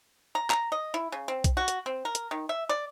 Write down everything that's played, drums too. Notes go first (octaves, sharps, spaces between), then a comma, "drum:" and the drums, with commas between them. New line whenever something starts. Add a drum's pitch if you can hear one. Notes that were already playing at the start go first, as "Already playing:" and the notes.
A#5
A#5, drum: clap
D#5
E4
C#3
C4
drum: kick B1, hi-hat
F#4
drum: hi-hat
C4
A#4
drum: hi-hat
D#3
E5
D5